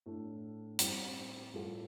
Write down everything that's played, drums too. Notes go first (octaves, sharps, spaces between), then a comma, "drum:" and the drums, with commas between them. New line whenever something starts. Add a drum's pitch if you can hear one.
A2 A3 D4
A2 G3 C4, drum: hi-hat
A2 G3 F4 A4